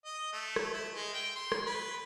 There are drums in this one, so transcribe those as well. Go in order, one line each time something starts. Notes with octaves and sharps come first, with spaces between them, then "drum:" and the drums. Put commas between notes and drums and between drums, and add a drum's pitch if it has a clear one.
D#5
A3
drum: rim click
E4
G#3
G5
C6
drum: rim click
B4